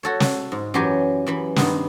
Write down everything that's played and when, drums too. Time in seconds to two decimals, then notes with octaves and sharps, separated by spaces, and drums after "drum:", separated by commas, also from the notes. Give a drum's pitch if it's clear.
0.03 F#4 A4 C#5
0.20 drum: snare
0.52 G#2
0.74 F#2 E3 F#3 G4 C#5 G#5
1.26 F#2 E3 B5
1.56 G2 D#3 B3 F#5 C6, drum: snare